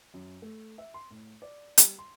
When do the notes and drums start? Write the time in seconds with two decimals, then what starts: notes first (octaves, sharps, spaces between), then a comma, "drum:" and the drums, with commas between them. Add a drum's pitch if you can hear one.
0.14 F#2
0.42 A3
0.78 E5
0.94 C6
1.11 A2
1.42 D5
1.78 G3, drum: hi-hat
1.99 C6